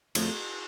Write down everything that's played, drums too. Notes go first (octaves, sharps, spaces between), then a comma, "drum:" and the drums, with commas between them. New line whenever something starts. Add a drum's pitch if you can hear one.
F2 D3 F3 A3, drum: cymbal